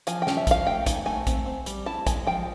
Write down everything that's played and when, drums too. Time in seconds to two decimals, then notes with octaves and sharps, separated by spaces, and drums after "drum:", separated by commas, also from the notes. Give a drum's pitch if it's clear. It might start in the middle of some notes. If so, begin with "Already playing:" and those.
0.07 F3 G#5, drum: hi-hat
0.22 G5
0.27 C#4, drum: snare
0.37 E5
0.47 F3 F5, drum: kick, hi-hat
0.66 A3 G5
0.86 D#4 G#5, drum: kick, hi-hat
1.06 A3 G#5
1.27 C4, drum: kick, hi-hat
1.46 C4
1.66 G3, drum: hi-hat
1.86 E4 A5
2.07 G#3 G#5, drum: kick, hi-hat
2.27 F3 G5